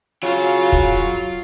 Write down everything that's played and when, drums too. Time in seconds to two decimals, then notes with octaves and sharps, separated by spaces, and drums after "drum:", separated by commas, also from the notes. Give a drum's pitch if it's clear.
0.23 C#3 F#3 F4
0.72 drum: kick